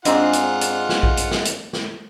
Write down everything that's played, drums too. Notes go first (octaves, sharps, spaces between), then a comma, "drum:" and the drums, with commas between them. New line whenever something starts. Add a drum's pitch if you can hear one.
G#2 G#3 C4 D4 F4 F#5, drum: hi-hat
drum: hi-hat
drum: hi-hat
drum: snare
drum: kick A#1
drum: hi-hat
drum: snare
drum: hi-hat
drum: snare